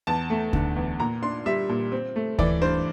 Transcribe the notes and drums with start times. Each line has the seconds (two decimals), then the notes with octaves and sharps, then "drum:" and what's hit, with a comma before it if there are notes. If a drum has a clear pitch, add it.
0.07 E2 A5
0.30 A3
0.53 D3, drum: kick D2
0.76 E2
1.00 A#2 A#5
1.22 D4 C6
1.46 G3 E5
1.69 A#2
1.92 C4
2.16 A3
2.39 E3 D5, drum: kick D2
2.61 G2 C5